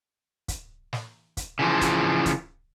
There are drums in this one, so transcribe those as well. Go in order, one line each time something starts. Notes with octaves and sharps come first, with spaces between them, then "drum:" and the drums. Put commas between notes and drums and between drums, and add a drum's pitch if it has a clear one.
drum: kick, hi-hat
drum: snare
drum: kick, hi-hat
C#3 E3 F3
drum: kick, hi-hat
drum: kick, hi-hat